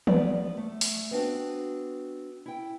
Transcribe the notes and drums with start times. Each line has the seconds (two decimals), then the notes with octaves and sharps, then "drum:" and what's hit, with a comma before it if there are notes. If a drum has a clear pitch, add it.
0.07 B3 B4 D5, drum: tom E3
0.57 A3
0.81 drum: open hi-hat
1.11 B3 C4 D4 F#4
2.46 E4 G5